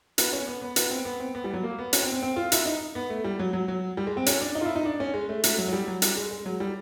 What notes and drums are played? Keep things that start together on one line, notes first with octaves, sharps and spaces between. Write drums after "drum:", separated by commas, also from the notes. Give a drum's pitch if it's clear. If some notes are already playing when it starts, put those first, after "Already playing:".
B3, drum: hi-hat
C#4
B3
B3
B3, drum: hi-hat
C4
B3
C4
B3
G3
F#3
A#3
B3
C#4, drum: hi-hat
C4
C4
C4
F4
E4, drum: hi-hat
D#4
B3
A3
G3
F#3
F#3
F#3
G3
G#3
C4
C#4, drum: hi-hat
D4
D#4
F4
E4
D#4
D4
C#4
G#3
A3
A3, drum: hi-hat
F#3
F#3
G3
F#3
G3, drum: hi-hat
G#3
G#3
F#3
G3